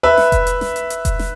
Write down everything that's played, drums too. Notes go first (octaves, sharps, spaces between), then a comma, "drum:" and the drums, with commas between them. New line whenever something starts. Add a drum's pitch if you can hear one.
B4 E5
drum: snare
drum: kick F1, hi-hat
drum: hi-hat
drum: snare
drum: hi-hat
drum: hi-hat
drum: kick F1, hi-hat
drum: snare